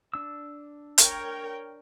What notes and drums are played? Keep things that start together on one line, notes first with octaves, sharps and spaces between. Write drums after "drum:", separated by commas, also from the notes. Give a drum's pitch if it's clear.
D4 E6
A#4 C#5 G5, drum: hi-hat